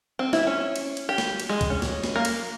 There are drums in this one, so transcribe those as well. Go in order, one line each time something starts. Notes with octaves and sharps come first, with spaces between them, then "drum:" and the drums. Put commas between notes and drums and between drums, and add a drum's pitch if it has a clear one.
C4
E4, drum: snare
C#4
drum: cymbal
drum: cymbal
G4
drum: snare
drum: cymbal
G#3
drum: kick, cymbal
C#4
drum: snare
drum: snare
A#3
drum: cymbal